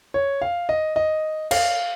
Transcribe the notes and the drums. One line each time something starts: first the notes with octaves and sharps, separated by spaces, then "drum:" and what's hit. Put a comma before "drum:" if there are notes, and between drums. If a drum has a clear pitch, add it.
C#5
F5
D#5
D#5
F5, drum: cymbal